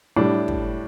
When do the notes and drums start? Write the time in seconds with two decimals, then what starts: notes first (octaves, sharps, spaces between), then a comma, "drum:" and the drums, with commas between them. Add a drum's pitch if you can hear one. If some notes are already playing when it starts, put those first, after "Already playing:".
0.16 A2 G3 D4
0.48 drum: kick